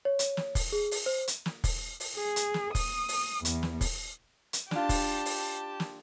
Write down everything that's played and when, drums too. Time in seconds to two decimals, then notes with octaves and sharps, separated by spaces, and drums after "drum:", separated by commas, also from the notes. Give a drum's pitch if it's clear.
0.05 C#5
0.19 drum: hi-hat
0.37 drum: snare
0.55 drum: kick, open hi-hat
0.72 G#4
0.91 drum: open hi-hat
1.06 C5
1.28 drum: hi-hat
1.46 drum: snare
1.64 drum: kick, open hi-hat
2.00 drum: open hi-hat
2.17 G#4
2.36 drum: hi-hat
2.54 drum: snare
2.75 D#6, drum: kick, open hi-hat
3.08 drum: open hi-hat
3.45 E2, drum: hi-hat
3.63 drum: snare
3.81 drum: kick, open hi-hat
4.53 drum: hi-hat
4.71 D4 F4 G4 A5, drum: snare
4.89 drum: kick, open hi-hat
5.25 drum: open hi-hat
5.80 drum: snare